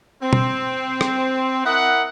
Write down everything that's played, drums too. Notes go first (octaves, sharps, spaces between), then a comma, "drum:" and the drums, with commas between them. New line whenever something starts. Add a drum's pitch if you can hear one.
C4
drum: tom B2
drum: rim click
E4 A#4 D#5 F#5